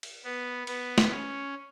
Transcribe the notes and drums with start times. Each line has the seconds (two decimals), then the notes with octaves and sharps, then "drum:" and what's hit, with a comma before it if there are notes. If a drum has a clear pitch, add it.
0.03 drum: cymbal
0.24 B3
0.67 B3, drum: cymbal
0.98 drum: snare
1.10 C#4